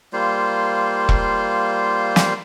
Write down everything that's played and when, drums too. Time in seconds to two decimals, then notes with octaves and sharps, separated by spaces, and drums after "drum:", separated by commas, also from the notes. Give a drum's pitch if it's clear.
0.13 G3 A#3 F4 C5
1.09 drum: kick E1
2.16 drum: snare